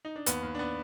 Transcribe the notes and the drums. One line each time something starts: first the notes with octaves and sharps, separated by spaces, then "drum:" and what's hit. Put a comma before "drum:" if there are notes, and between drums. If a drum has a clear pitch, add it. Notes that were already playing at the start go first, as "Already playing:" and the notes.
D#4
D4
D#2 B3, drum: hi-hat
D#2
D4
B3